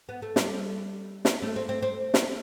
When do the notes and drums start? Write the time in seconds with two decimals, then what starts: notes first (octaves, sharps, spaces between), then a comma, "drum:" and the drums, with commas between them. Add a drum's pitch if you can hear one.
0.09 B3
0.22 A3
0.36 G3, drum: snare
1.25 drum: snare
1.42 A3
1.56 C4
1.69 C4
1.83 C4
2.14 drum: snare